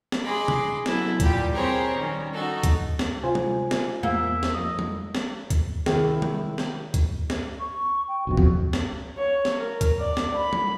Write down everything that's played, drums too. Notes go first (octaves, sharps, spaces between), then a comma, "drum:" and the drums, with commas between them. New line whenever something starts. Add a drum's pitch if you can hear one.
drum: snare
G#4 D#5 B5 C6 D6
drum: tom C3
F#3 B3 E4 A4 E5, drum: snare
A#2 G3 G4 B5, drum: kick C#2, hi-hat
C4 G4 G#4 A#4 C5 C#5
D#3 G3 C#4
D#4 F#4 A4
drum: kick C#2, hi-hat
drum: snare
C3 F4 C5 G#5
drum: tom G3
drum: snare
E2 A#3 E5
drum: snare
F2 D#5
drum: tom G3
drum: snare
drum: kick C#2, hi-hat
C3 D#3 E4 G#4, drum: snare
drum: tom G3
drum: snare
drum: kick C#2, hi-hat
drum: snare
C#6
G5
F1 B1 F2 F#4
drum: kick C#2
drum: snare
C#5
drum: snare
A#4
drum: kick C#2, hi-hat
D5
drum: snare
B5
drum: tom G3